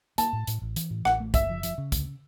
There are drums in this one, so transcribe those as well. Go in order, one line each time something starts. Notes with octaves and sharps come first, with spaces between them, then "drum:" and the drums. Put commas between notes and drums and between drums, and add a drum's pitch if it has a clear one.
A#3 A5, drum: hi-hat
A2
A2, drum: hi-hat
A1
E3, drum: hi-hat
A2
A1 F#5, drum: rim click
A3
F#1 E5, drum: kick, hi-hat
F3
F3, drum: hi-hat
C#3
D2, drum: kick, hi-hat